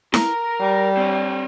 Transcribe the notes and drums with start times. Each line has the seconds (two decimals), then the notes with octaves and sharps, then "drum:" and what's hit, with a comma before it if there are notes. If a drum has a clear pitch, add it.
0.14 A#4 A#5, drum: snare E4
0.60 G3
0.97 C4 C#5